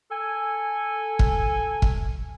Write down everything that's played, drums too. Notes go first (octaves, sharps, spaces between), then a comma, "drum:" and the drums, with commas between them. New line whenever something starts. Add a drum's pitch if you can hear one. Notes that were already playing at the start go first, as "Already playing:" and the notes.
A4 G#5
drum: kick
drum: kick